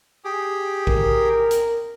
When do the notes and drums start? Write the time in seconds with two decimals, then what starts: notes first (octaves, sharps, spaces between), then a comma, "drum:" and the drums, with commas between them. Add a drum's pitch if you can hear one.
0.25 G4 G#4
0.87 A#4, drum: kick A#1
1.51 drum: hi-hat